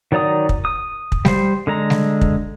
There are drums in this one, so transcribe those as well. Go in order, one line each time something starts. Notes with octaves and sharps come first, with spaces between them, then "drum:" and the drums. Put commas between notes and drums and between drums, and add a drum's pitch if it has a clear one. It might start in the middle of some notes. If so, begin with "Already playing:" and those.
D#3 F#3 D5 A#5 D#6
drum: kick
D#6
drum: kick
G3 C5, drum: snare
D3 G#3 A#5
drum: snare
drum: kick